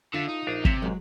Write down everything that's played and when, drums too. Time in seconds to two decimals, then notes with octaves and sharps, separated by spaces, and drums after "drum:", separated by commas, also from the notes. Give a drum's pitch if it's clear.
0.14 D3 F4 A4 E5
0.29 D#4
0.47 A#1 D4 F5
0.65 C3 C#5 E5 A#5, drum: kick
0.82 A1 G#2 F#3 G#3